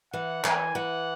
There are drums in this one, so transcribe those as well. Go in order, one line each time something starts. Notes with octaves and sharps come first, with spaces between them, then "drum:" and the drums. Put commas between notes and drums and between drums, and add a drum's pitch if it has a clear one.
E3 F#5
E3 G#5, drum: clap
E3 F#5